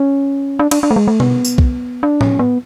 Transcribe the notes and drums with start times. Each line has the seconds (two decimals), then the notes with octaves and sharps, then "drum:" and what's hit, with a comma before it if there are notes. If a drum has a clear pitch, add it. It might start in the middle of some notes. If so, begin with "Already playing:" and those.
Already playing: C#4
0.59 D4
0.71 D4, drum: cymbal
0.83 D4
0.91 A3
0.96 G#3
1.08 A3
1.20 B3, drum: tom B2
1.45 drum: tambourine
1.58 drum: kick B1
2.03 D4
2.21 C#4, drum: tom
2.39 B3